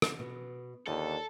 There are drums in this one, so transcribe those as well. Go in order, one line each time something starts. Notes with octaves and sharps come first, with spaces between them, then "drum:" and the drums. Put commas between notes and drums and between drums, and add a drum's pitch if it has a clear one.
drum: rim click
B2
D#2 D3 D#4 F4 A4